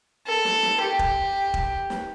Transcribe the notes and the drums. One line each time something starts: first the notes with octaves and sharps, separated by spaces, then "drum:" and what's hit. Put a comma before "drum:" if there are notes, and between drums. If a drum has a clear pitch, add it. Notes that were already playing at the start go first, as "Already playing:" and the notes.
A4
drum: snare
drum: snare
G4
drum: kick E1
drum: kick E1
drum: snare